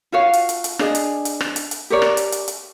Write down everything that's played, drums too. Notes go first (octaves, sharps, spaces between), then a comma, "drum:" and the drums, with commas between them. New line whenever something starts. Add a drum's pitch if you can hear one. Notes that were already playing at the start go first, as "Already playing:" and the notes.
F4 F#4 C#5 F5
drum: hi-hat
drum: hi-hat
drum: hi-hat
D4 G#4 D#5, drum: rim click
drum: hi-hat
drum: hi-hat
drum: rim click
drum: hi-hat
drum: hi-hat
G4 A#4 C#5 D5
drum: rim click
drum: hi-hat
drum: hi-hat
drum: hi-hat